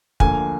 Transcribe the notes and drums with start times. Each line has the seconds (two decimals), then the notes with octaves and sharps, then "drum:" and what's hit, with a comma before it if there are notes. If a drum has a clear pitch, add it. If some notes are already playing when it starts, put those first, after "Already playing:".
0.20 D2 D3 F3 A#3 G#5, drum: kick